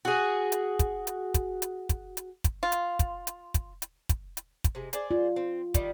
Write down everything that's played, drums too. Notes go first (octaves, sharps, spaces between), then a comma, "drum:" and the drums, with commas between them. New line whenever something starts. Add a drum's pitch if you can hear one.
F#4 G#4
drum: hi-hat
drum: kick, hi-hat
drum: hi-hat
drum: kick, hi-hat
drum: hi-hat
drum: kick, hi-hat
drum: hi-hat
drum: kick, hi-hat
F4
drum: hi-hat
drum: kick, hi-hat
drum: hi-hat
drum: kick, hi-hat
drum: hi-hat
drum: kick, hi-hat
drum: hi-hat
drum: kick, hi-hat
C3 G#3
G#4 C5 D5, drum: hi-hat
F4
C4
D#3 G3, drum: kick, hi-hat